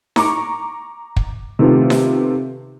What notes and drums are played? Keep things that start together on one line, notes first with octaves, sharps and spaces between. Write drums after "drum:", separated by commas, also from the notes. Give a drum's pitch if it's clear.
A#5 C#6 D6, drum: snare D#4
drum: kick
C3 D#3 A3 B3 F4 G4
drum: snare D#4